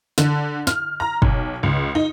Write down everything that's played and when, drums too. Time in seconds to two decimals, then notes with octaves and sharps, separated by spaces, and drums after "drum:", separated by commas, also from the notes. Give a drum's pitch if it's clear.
0.18 D3, drum: snare
0.67 F6, drum: snare
1.00 A#5
1.22 B1, drum: kick
1.63 C#2
1.95 D#4